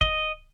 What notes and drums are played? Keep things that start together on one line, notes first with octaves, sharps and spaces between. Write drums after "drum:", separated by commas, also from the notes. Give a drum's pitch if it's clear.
D#5, drum: kick